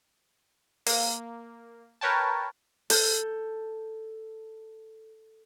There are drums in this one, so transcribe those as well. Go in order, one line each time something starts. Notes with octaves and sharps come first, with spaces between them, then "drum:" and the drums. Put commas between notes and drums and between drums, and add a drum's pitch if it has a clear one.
A#3, drum: open hi-hat
A#4 B4 C#5 G5 A5
A4 G6, drum: open hi-hat